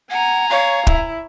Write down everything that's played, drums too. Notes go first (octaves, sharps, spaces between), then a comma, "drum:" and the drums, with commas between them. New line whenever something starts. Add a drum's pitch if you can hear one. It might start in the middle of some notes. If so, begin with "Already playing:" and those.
F#5 G#5 A#5
C#5 F5
E4, drum: kick